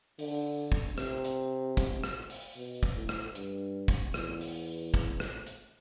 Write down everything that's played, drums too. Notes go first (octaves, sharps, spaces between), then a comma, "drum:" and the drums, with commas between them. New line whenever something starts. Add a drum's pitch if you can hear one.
D3, drum: open hi-hat
drum: kick
C3, drum: rim click
drum: hi-hat
drum: kick, hi-hat
drum: rim click
drum: open hi-hat
B2
drum: kick, hi-hat
A2
drum: rim click
G2, drum: hi-hat
drum: kick, hi-hat
E2, drum: rim click
drum: open hi-hat
drum: kick, hi-hat
drum: rim click
drum: hi-hat